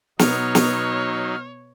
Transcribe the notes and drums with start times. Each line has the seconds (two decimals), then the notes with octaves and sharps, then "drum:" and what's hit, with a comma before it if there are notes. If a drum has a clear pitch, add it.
0.19 B2 F#3 B3 D#4 C#5 F6, drum: snare
0.55 drum: snare